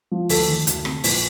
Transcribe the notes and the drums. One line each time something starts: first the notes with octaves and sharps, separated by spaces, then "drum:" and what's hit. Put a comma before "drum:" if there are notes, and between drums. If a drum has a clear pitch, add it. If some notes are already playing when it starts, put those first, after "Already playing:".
F3
D2 A4, drum: open hi-hat
D#3
D2, drum: hi-hat
C3, drum: rim click
A#1, drum: open hi-hat